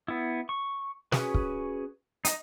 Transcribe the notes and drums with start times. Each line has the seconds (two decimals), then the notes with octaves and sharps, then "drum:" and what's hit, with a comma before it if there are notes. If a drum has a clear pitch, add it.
0.08 B3 E4
0.49 C#6
1.12 C#4 F#4 G#4 B4, drum: snare
1.34 drum: kick
2.25 D#4 D#5, drum: hi-hat